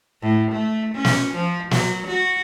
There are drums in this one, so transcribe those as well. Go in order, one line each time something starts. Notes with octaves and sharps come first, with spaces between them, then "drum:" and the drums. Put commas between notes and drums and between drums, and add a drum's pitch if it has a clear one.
A2
A3
C#4
drum: snare
F3
F#3, drum: snare
F#4